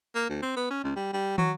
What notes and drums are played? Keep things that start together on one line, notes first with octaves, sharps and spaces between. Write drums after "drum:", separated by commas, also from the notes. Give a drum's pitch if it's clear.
A#3
D2
C4
B3
C#4
C#2
G3
G3
F#3, drum: tom